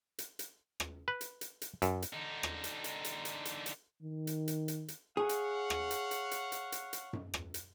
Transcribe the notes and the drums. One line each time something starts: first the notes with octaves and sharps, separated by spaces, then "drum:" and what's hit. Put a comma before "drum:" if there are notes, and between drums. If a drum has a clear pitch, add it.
drum: hi-hat
drum: hi-hat
drum: rim click
B4
drum: hi-hat
drum: hi-hat
drum: hi-hat
F#2, drum: hi-hat
drum: hi-hat
D3 D#4
drum: rim click
drum: hi-hat
drum: hi-hat
drum: hi-hat
drum: hi-hat
drum: hi-hat
drum: hi-hat
D#3
drum: hi-hat
drum: hi-hat
drum: hi-hat
drum: hi-hat
G#4 C#5 F5 F#5
drum: hi-hat
drum: rim click
drum: hi-hat
drum: hi-hat
drum: hi-hat
drum: hi-hat
drum: hi-hat
drum: hi-hat
drum: tom F#2
drum: rim click
drum: hi-hat